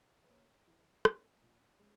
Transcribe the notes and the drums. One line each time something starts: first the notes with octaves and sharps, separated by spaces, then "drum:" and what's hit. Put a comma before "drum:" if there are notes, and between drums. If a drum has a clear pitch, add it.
B4
A#3 C#4 C#5
E3
A#3 C#4, drum: rim click
A#2
G#3 C#4